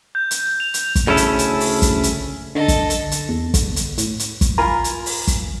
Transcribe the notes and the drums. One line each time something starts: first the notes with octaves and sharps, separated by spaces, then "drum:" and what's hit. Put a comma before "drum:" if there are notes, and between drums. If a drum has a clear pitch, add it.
G6
drum: hi-hat
F7
drum: hi-hat
drum: kick, hi-hat
D2 C#3 C#4 E4 A4
drum: hi-hat
drum: hi-hat
drum: open hi-hat
drum: kick, hi-hat
drum: hi-hat
D3 A4 D#5
drum: kick, hi-hat
drum: hi-hat
drum: hi-hat
E2
D3, drum: kick, hi-hat
drum: hi-hat
A2, drum: hi-hat
drum: hi-hat
drum: kick, hi-hat
F4 A#4 G#5 A#5 B5
drum: hi-hat
drum: open hi-hat
drum: kick, hi-hat